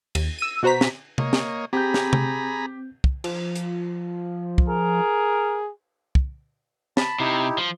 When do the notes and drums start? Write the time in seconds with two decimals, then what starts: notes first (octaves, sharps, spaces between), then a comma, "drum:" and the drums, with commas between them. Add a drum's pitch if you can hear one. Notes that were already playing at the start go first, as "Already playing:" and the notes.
0.15 D#2, drum: cymbal
0.39 E6 D#7
0.63 B2 F#4 C5 A#5 B6
0.81 drum: snare
1.18 A#3 C#5 D#5, drum: tom C3
1.33 drum: snare
1.73 C4 G4 G#4 A#5 B5 G6
1.94 drum: snare
2.13 drum: tom C3
3.04 drum: kick
3.24 F3, drum: cymbal
3.56 drum: hi-hat
4.58 drum: kick
4.68 G#4 A#4
6.15 drum: kick
6.97 A5 B5, drum: snare
7.20 C3 D#4 E4 G4
7.58 F3